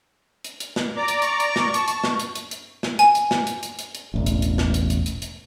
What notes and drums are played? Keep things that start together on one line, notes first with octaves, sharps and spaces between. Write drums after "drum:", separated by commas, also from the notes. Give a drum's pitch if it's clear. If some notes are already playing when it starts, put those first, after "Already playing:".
drum: hi-hat
drum: hi-hat
drum: snare
D5 A#5 D6
drum: hi-hat
C#6, drum: hi-hat
drum: hi-hat
drum: snare
A5, drum: hi-hat
drum: hi-hat
drum: snare
drum: hi-hat
drum: hi-hat
drum: hi-hat
drum: snare
G#5, drum: hi-hat
drum: hi-hat
drum: snare
drum: hi-hat
drum: hi-hat
drum: hi-hat
drum: hi-hat
E1 A1
drum: hi-hat
drum: hi-hat
drum: snare
drum: hi-hat
drum: hi-hat
drum: hi-hat
drum: hi-hat